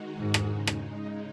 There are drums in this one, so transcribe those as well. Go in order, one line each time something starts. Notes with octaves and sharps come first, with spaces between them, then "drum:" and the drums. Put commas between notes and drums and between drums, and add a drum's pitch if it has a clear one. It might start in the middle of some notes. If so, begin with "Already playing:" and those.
Already playing: D#3 G#3 D#4 F#4
G#2
drum: rim click
C#3 G#3 D#4
drum: rim click